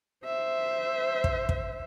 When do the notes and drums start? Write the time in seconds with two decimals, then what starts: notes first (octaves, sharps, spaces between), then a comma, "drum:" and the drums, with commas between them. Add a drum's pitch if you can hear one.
0.25 C5 E5
1.24 drum: kick
1.49 drum: kick